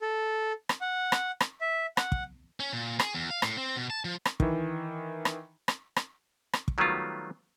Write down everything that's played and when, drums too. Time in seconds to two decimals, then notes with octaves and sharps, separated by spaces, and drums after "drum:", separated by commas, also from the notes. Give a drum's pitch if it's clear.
0.01 A4
0.69 drum: rim click
0.81 F#5
1.12 drum: rim click
1.40 drum: rim click
1.61 E5
1.97 F#5, drum: rim click
2.12 drum: kick
2.60 C#4
2.73 A#2
2.99 G#4, drum: rim click
3.15 E2
3.30 F5
3.42 A2, drum: rim click
3.57 C4
3.76 B2
3.90 A5
4.05 F3
4.25 drum: rim click
4.40 D#3 E3, drum: kick
5.25 drum: rim click
5.68 drum: rim click
5.96 drum: rim click
6.53 drum: rim click
6.68 drum: kick
6.78 D#3 F#3 G3 A3 B3 F4